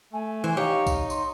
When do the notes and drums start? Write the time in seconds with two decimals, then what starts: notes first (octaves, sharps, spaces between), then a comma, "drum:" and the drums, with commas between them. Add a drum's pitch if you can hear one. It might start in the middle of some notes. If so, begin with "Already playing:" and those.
0.13 A3 G#5
0.44 E3 C5
0.57 D#4 G4 C#5 F5
0.87 drum: kick B1, tambourine
1.10 C6, drum: tambourine